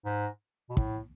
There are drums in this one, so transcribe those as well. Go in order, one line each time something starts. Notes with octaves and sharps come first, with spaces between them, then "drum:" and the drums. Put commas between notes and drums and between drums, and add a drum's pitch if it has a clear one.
G#2
B2
A2, drum: kick